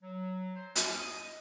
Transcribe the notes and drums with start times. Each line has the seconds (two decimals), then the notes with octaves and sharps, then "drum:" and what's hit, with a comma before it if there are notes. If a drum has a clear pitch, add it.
0.03 F#3
0.55 C5
0.76 C#4, drum: hi-hat
0.98 D#6
1.10 D#5